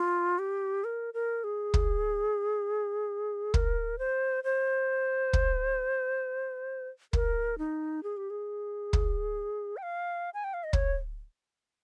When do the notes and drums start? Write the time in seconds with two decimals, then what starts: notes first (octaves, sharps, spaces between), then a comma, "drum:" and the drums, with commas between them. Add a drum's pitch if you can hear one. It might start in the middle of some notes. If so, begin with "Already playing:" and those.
Already playing: F4
0.39 G4
0.84 A#4
1.14 A#4
1.44 G#4
1.74 drum: kick
3.54 A#4, drum: kick
3.98 C5
4.44 C5
5.33 drum: kick
7.13 A#4, drum: kick
7.58 D#4
8.03 G#4
8.17 G4
8.30 G#4
8.93 drum: kick
9.77 G5
9.83 F5
10.34 G#5
10.44 G5
10.54 F5
10.64 D#5
10.73 C#5, drum: kick